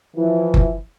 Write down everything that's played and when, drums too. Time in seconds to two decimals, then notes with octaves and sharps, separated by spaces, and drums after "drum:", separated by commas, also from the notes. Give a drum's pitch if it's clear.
0.16 E3 F3 E4
0.54 drum: kick F#1